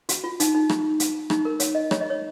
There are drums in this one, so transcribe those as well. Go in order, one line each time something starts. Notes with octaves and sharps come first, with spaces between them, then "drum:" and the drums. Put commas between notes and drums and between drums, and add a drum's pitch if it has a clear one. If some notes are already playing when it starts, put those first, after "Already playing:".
F#4, drum: hi-hat
F4
D#4, drum: hi-hat
D#4
drum: rim click
drum: hi-hat
D#4, drum: rim click
A#4
C#5, drum: hi-hat
D#5
C#5, drum: rim click
D#5
C#5